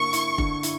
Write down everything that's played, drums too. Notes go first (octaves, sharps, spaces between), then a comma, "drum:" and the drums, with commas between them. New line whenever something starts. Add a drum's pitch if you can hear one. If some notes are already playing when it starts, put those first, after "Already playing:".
Already playing: D3 A#3 E4 C#6
E4, drum: hi-hat
D3, drum: kick F1
E4, drum: hi-hat